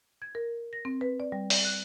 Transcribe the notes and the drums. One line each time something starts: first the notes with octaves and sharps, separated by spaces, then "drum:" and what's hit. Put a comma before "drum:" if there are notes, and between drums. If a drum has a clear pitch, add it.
G#6
A#4
A#6
C4
B4
D5
G3
D5, drum: open hi-hat
F#6